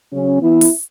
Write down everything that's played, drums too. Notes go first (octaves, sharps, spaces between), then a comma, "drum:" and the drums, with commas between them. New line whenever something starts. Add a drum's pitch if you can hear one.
C#3 F#3 C#4
E3 B3 E4
drum: open hi-hat